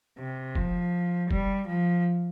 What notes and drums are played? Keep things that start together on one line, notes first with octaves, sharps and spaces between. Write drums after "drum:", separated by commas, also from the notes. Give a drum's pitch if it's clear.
C3
F3, drum: kick
G3, drum: kick
F3